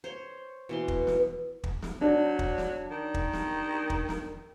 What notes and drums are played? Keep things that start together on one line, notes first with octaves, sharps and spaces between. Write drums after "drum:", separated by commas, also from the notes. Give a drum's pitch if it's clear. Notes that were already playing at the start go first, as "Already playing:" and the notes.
C5 C#5 C6
B2 E3 C6
drum: kick
drum: snare
drum: kick
drum: snare
F#3 D4
drum: kick
drum: snare
D#3
drum: kick
drum: snare
drum: kick
drum: snare